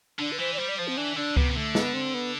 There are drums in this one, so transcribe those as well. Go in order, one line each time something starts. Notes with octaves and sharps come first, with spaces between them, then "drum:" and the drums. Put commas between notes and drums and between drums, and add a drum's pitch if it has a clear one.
D3 D4
B4
E3 C5
D5
G3 C5
D5
F3 C5
C4
E3 D4
D3 D4
C3 B3, drum: kick C#2
C3
D3 A3
B3, drum: snare
C4
B3